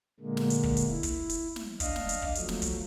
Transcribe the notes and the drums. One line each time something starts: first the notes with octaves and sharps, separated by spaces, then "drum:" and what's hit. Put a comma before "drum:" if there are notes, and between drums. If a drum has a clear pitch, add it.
A#2 D3 G#3 A#3
drum: snare
drum: hi-hat
drum: kick
drum: hi-hat
E4
drum: kick, hi-hat
drum: hi-hat
drum: snare
D4 D#5 F5, drum: kick, hi-hat
drum: snare
drum: hi-hat
drum: kick
F3 F#3 A3, drum: hi-hat
drum: snare
drum: kick, hi-hat